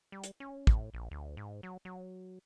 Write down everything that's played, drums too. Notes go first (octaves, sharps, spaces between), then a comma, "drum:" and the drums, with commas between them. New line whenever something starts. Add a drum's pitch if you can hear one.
G3
drum: hi-hat
C#4
A2, drum: kick
A#1
D2
G#2
F#3
F#3